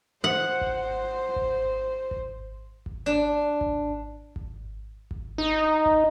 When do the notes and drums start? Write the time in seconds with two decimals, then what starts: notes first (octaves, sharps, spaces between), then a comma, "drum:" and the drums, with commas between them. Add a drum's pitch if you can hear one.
0.24 C5 F#5
0.61 drum: kick G#1
1.36 drum: kick G#1
2.11 drum: kick G#1
2.86 drum: kick G#1
3.06 D4
3.61 drum: kick G#1
4.36 drum: kick G#1
5.11 drum: kick G#1
5.38 D#4
5.86 drum: kick G#1